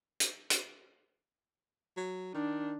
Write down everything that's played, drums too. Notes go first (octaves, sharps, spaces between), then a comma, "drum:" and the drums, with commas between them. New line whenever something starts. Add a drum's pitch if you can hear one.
drum: hi-hat
drum: hi-hat
F#3
D#3 D4